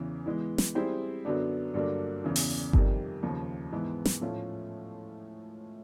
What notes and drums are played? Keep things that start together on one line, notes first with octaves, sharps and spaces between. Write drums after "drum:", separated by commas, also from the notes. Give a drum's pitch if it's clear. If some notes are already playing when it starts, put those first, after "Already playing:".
Already playing: E2 C#3 E3
E3 G#3 B3 E4
drum: snare
G3 C4 E4 G#4 C5
F#2 D3 F#3 B3 D4
G2 D3 F#3 A#3 D4
E2 C#3 E3
drum: open hi-hat
F2 C3 D#3 G3, drum: kick G1
D#2 C#3 F3
G#2 E3 G#3 B3
drum: snare
A2 F3 A3 C#4 F4